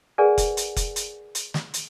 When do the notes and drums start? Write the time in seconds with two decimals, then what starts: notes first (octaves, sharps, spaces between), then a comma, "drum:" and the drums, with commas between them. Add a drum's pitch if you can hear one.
0.18 G#4 A#4 B4 D5 F#5 G#5
0.38 drum: kick F1, hi-hat
0.57 drum: hi-hat
0.76 drum: kick F1, hi-hat
0.96 drum: hi-hat
1.35 drum: hi-hat
1.54 drum: snare
1.74 drum: hi-hat